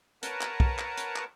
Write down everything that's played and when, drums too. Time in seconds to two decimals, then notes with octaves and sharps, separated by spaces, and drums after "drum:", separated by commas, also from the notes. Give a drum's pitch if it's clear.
0.23 A#4 B4 C#5 F#5 A5 A#5, drum: hi-hat
0.41 drum: clap
0.60 drum: kick
0.79 drum: clap
0.97 drum: hi-hat
1.16 drum: clap